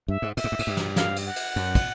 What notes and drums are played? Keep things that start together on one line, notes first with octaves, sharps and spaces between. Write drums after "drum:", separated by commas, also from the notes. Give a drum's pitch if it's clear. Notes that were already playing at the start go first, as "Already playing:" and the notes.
G2 E5
G#2
A2 E5, drum: cymbal
G#2
G2
G#2, drum: cymbal
G2
drum: snare
F5, drum: snare
drum: cymbal
F#5
drum: cymbal
F#2, drum: cymbal
drum: kick, cymbal